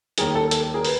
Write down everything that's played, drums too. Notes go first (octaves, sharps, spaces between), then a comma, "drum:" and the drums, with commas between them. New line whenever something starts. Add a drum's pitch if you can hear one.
D#2 D#3 G3 G#4 A#4, drum: hi-hat
A4
A4, drum: hi-hat
G#4 A#4
B4, drum: open hi-hat